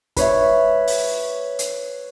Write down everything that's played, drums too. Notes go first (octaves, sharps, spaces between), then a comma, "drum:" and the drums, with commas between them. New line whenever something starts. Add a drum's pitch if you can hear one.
B4 C#5 E5, drum: kick, hi-hat
drum: open hi-hat
drum: hi-hat